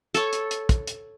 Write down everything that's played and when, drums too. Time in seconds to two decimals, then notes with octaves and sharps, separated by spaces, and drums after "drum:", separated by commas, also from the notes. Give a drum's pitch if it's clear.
0.14 A4 C#5, drum: hi-hat
0.33 drum: hi-hat
0.51 drum: hi-hat
0.69 drum: kick, hi-hat
0.87 drum: hi-hat